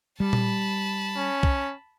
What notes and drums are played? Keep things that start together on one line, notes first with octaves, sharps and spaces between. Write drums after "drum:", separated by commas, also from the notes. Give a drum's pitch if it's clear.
G3 A5 B5
drum: tom A#2
C#4
drum: kick B1